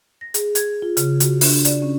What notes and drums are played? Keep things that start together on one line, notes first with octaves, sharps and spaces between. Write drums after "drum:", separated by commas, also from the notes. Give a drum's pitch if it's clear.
A#6
G#4, drum: hi-hat
G#6, drum: hi-hat
F4
C#3, drum: hi-hat
F#4, drum: hi-hat
D4, drum: open hi-hat
D5, drum: hi-hat
C#4